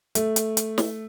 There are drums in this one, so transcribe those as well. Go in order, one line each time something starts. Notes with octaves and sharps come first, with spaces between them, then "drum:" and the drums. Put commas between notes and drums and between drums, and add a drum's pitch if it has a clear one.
A3, drum: hi-hat
drum: hi-hat
drum: hi-hat
drum: snare